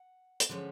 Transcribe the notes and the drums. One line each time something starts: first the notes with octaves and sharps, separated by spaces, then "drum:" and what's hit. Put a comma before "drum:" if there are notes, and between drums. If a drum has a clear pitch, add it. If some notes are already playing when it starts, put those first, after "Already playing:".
Already playing: F#5
drum: hi-hat
D3 F3 G#3 C#4